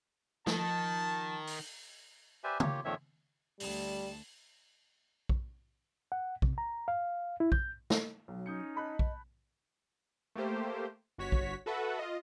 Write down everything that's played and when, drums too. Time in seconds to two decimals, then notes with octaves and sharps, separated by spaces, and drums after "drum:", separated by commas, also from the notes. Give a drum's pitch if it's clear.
0.47 D#3 F3 A5, drum: snare
1.47 drum: open hi-hat
2.44 G4 B4 C5 D5 E5 G#5
2.60 A#3 F4 G4 C#5, drum: tom
2.85 F2 A#2 D#3 F3 C#5 E5
3.60 D2 G3 A5 F#6, drum: open hi-hat
5.29 drum: kick A#1
6.12 F#5
6.42 C3, drum: kick A#1
6.58 A#5
6.88 F5
7.40 E4
7.52 G6, drum: kick A#1
7.90 drum: snare
8.28 B1 F#3
8.46 C#4 D#4 D#6 G6 C#7
8.75 D#5 A5 B5 F#6
8.99 drum: kick A#1
10.36 A3 A#3 G4 C5
11.18 G1 F#4 C#5 B6
11.32 drum: kick A#1
11.66 F#4 A4 B4 E5 F#5
11.99 F4 D#5